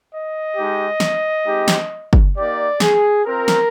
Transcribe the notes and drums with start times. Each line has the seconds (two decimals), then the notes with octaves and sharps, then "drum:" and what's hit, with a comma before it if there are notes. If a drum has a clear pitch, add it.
0.10 D#5
0.55 G#3 D#4 G4
1.00 drum: snare
1.45 G#3 C4 D#4 G4
1.68 drum: snare
2.13 drum: kick
2.36 A#3 D#4 G4 D5
2.80 G#4, drum: snare
3.26 C4 F4 A#4
3.48 drum: snare